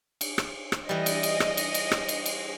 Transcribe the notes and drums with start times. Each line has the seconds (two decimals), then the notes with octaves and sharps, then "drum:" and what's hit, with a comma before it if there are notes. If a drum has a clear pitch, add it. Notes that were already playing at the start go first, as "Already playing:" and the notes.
0.21 drum: cymbal
0.38 drum: rim click
0.72 drum: rim click
0.89 E3 G3 D#5
1.06 drum: cymbal
1.23 drum: cymbal
1.40 drum: rim click
1.57 drum: cymbal
1.74 drum: cymbal
1.91 drum: rim click
2.09 drum: cymbal
2.26 drum: cymbal